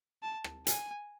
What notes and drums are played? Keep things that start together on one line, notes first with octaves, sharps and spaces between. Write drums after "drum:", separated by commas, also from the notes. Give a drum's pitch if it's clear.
A5
drum: rim click
G#5, drum: hi-hat